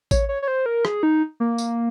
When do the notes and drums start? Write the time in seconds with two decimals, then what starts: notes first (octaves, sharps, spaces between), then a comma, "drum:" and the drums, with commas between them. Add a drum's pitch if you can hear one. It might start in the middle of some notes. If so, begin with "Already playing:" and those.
0.11 C#5, drum: kick A1, tambourine
0.29 C#5
0.42 C#5
0.48 C5
0.66 A#4
0.85 G#4, drum: rim click
1.03 D#4
1.40 A#3
1.58 drum: tambourine